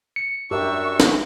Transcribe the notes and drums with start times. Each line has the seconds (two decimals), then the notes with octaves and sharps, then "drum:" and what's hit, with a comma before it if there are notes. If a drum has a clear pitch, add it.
0.16 C#7
0.51 F#2 D4 G4 A#4 E5 C#6 E6
1.00 drum: snare